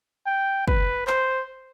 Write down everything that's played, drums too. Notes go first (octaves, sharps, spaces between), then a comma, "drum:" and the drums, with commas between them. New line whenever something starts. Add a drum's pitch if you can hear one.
G5
B4, drum: kick
C5, drum: clap